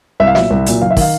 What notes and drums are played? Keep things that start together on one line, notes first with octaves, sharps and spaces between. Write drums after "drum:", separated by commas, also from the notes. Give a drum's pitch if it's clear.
C2 E5
F5
A#2 F#3 E5, drum: snare
C2
A#2 F#3, drum: hi-hat
F#1 F5
E5
D#3 F5, drum: kick, open hi-hat